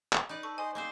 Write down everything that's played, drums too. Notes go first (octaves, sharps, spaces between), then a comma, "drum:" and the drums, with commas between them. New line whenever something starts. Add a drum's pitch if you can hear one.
drum: clap
D#4 B4 D5
A4 C#6
C5 D#5 G#5 C6
A#3 C4 G#4 C5 D#5